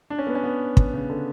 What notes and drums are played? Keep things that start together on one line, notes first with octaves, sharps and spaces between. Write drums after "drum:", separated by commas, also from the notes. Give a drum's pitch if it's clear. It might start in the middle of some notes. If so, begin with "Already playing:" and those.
D4
C#4
B3
C#4
B3
drum: kick
C#3
D3